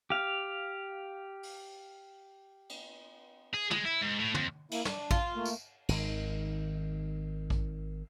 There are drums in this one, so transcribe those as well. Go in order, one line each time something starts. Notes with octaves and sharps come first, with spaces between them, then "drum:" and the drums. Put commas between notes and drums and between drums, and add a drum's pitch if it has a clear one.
G4 F5
drum: open hi-hat
drum: cymbal
G#4
G#3, drum: tom
E4
G#2
A2
F2, drum: tom
A#3 E4, drum: cymbal
D4, drum: snare
F4, drum: kick A1
A3 A#3
drum: tambourine
G#1 D#3, drum: cymbal
drum: kick A1